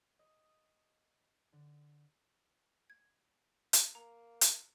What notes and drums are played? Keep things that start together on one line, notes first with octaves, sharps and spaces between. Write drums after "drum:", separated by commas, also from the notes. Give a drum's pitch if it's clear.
D#5
D#6
D3
G#6
drum: hi-hat
A#3 A#5
drum: hi-hat